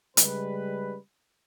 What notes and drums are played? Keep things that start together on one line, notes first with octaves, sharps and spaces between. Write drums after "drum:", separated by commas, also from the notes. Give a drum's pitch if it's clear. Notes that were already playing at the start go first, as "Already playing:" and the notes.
C#3 G3 G#3 B4, drum: hi-hat